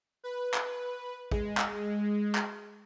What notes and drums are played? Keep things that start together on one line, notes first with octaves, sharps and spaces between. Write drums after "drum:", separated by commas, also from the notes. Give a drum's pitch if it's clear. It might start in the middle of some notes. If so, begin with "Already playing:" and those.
B4
drum: clap
G#3, drum: kick
drum: clap
drum: clap